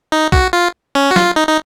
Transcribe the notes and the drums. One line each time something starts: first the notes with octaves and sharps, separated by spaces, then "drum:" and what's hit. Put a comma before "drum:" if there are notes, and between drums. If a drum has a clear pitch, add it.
D#4
F#4, drum: kick
F4
C#4
F#4
F4, drum: snare
D#4
D#4